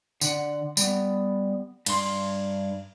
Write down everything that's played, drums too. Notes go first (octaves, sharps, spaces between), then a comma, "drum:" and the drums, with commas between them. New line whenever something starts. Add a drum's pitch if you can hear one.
D3 F#5, drum: tambourine
G3 B3, drum: tambourine
G2 C6, drum: cymbal